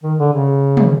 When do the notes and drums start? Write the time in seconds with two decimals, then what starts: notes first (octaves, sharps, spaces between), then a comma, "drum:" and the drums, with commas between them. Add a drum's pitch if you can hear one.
0.03 D#3
0.19 D3
0.33 C#3
0.77 drum: tom